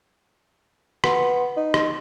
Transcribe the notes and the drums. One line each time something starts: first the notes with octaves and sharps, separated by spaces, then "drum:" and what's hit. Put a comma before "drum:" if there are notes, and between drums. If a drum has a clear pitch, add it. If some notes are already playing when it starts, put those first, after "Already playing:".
B3, drum: rim click
D#4
drum: rim click